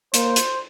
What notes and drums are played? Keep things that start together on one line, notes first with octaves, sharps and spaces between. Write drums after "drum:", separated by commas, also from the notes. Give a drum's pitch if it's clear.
A#3 C5, drum: hi-hat
drum: hi-hat